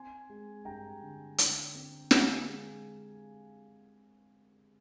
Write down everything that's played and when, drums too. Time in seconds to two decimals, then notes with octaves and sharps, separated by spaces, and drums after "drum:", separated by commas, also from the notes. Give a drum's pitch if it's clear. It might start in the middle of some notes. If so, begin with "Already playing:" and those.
Already playing: C4 G#5 C6
0.29 G#3
0.65 G2 G5 A#5
1.02 D3
1.38 D3, drum: hi-hat
1.75 C4
2.11 D3 F5 G#5, drum: snare
2.48 G#3